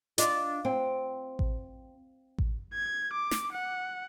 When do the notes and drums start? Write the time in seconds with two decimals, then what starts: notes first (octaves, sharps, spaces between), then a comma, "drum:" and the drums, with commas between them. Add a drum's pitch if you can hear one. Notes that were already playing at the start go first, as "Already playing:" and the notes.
0.18 D4 F4 D#5, drum: hi-hat
0.65 C4
1.39 drum: kick A1
2.38 drum: kick A1
2.74 G#6
3.13 D6
3.31 drum: snare
3.53 F#5